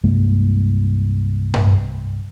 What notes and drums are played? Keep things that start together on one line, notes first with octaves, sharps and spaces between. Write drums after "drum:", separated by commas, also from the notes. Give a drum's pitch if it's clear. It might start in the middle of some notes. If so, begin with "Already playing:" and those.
C2 G2 G#3 A#3
drum: tom G2